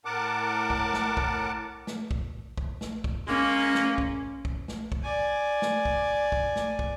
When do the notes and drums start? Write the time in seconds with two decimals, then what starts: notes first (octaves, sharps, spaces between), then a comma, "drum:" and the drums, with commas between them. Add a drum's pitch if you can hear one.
0.05 A2 A#4 F#5 A5 D6
0.70 drum: kick
0.94 drum: snare
1.17 drum: kick
1.87 drum: snare
2.11 drum: kick
2.58 drum: kick
2.81 drum: snare
3.04 drum: kick
3.28 G#3 A#3 C#4
3.75 drum: snare
3.98 drum: kick
4.45 drum: kick
4.68 drum: snare
4.92 drum: kick
5.03 D5 G#5
5.62 drum: snare
5.85 drum: kick
6.32 drum: kick
6.56 drum: snare
6.79 drum: kick